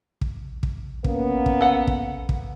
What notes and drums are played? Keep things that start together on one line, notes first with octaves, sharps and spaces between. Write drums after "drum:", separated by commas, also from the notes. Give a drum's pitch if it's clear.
drum: kick
drum: kick
A#3 B3 C#4, drum: kick
drum: kick
A4 F#5
drum: kick
drum: kick